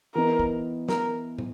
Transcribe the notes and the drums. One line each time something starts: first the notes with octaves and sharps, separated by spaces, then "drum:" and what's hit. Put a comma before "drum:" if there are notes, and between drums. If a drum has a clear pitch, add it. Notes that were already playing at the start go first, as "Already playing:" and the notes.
E3 B3 D#4 A#4
drum: kick
A#4, drum: snare
drum: tom